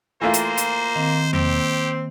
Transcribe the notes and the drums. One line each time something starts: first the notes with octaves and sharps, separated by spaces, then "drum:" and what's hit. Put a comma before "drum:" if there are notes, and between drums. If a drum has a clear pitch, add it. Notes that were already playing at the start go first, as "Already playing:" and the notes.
E3 A3 A#3 F4 C5
drum: hi-hat
drum: hi-hat
D#3 C4
A#3 C4 G4, drum: tom E2